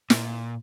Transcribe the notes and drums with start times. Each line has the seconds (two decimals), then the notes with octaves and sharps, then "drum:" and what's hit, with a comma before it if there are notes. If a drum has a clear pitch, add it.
0.10 A#2, drum: snare